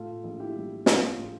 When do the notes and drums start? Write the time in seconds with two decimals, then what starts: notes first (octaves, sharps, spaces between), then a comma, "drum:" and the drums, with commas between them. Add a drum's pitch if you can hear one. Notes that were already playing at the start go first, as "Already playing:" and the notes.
Already playing: A2 F4 A4
0.24 A#1
0.40 E4 G4
0.55 G3
0.86 A#1 F4, drum: snare
1.17 A2